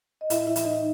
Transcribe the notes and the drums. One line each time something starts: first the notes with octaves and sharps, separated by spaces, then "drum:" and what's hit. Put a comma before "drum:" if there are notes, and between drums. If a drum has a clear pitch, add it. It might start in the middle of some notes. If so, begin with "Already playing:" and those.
D#5
A2 E4 E5, drum: hi-hat
E4 E5
E3, drum: hi-hat
D#4 D#5